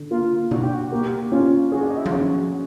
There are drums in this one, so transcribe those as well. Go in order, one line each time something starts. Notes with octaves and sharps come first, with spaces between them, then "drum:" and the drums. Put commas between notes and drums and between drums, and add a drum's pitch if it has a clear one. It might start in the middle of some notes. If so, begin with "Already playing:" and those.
Already playing: D3
A#3 F4
D4 F#4, drum: tom B2
G4
F#4
A#3 G4
C#4 F4
F#4 G#4
D4
D#4
E4
F4, drum: tom F3
C#4 F#4